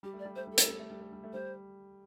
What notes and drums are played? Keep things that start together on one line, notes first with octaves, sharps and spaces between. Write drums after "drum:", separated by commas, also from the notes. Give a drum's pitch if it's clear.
G3 G4
A3
D5
G3
A3 C5
G3 A4
A3, drum: hi-hat
G3
A3
G3
A3
G3
A3
G3 C5